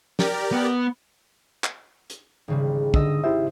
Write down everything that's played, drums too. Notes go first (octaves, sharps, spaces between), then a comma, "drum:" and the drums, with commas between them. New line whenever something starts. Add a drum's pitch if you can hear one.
G4 A#4 D5, drum: snare
B3
drum: clap
drum: hi-hat
G#1 C#3 G3
D3 D#5 D#6 E6, drum: kick
E4 G4 C5 E5